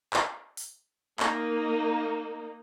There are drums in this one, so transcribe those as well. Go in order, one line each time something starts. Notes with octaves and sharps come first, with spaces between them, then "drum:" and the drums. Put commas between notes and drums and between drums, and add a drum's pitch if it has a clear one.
drum: clap
drum: open hi-hat
A#3 D#4, drum: clap